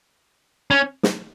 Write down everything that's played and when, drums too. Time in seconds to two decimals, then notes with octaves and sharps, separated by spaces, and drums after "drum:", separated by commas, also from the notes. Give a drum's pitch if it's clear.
0.71 C#4
1.03 drum: snare